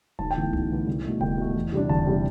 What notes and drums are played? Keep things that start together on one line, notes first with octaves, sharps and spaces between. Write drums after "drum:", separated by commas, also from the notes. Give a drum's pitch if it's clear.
B1 A5, drum: kick D#1
G5
A2 E3 B3
B1, drum: tom C2
A2 E3 B3
C2
B2 A3
C2 G5, drum: kick D#1
B2 A3
E2
C3 G3 D4
E2 A5, drum: kick D#1
C3 G3 D4